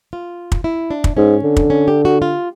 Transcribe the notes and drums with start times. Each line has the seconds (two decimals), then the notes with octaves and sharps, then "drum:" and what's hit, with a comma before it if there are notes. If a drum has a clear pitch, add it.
0.13 F4
0.52 drum: kick
0.64 E4
0.91 D4
1.04 drum: kick
1.17 G#2 C#4
1.43 D3
1.57 drum: kick
1.70 C#4
1.88 G4
2.05 F#4
2.22 F4